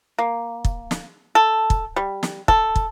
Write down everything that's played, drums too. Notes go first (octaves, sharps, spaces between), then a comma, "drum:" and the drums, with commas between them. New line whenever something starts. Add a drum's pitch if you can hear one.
A#3
drum: kick
drum: snare
A4
drum: kick
G3
drum: snare
A4, drum: kick
drum: kick